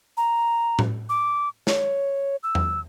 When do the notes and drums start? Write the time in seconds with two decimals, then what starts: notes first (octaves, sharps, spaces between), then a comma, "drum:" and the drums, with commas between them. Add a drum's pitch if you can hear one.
0.17 A#5
0.79 drum: tom A2
1.09 D6
1.67 C#5, drum: snare
2.43 E6
2.55 drum: tom E2